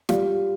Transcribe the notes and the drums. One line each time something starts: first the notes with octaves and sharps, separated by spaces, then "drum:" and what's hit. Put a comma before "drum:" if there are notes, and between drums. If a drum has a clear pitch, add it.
G3 F4, drum: snare